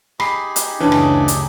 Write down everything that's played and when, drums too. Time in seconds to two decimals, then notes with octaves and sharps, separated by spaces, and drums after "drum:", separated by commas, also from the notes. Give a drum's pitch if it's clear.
0.20 D#4 G4 G#4 B5 C7, drum: rim click
0.56 drum: hi-hat
0.80 F#1 D2 C#3 E3 C#4 D4
0.92 drum: rim click
1.28 drum: hi-hat